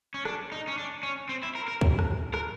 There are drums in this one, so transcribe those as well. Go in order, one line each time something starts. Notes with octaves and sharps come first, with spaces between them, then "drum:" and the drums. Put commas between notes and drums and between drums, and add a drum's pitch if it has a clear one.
C#4
D4, drum: rim click
D#4
C#4
D4
C#4
C4
E4
A#4
A#4
drum: kick
drum: rim click
A#4, drum: rim click